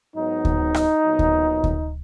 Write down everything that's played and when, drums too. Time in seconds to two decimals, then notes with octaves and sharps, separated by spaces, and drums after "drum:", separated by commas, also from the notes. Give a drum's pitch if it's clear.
0.14 G#2 F#3 B3 D#4
0.45 drum: kick D2
0.74 drum: rim click
1.05 A#2 F#3 B3
1.19 drum: kick D2
1.64 drum: kick D2